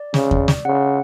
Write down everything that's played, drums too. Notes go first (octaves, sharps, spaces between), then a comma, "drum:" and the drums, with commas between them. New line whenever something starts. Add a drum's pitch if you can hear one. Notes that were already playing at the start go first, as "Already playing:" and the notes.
Already playing: D5
C#3, drum: snare
drum: kick E2
drum: snare
C#3 F#5